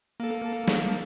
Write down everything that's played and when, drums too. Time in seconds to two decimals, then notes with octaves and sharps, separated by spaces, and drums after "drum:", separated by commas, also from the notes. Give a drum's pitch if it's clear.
0.20 A#3 A4
0.68 drum: snare